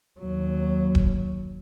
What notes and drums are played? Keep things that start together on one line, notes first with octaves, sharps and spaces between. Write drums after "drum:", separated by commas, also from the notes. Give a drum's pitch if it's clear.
D#2 F#3
drum: kick D#1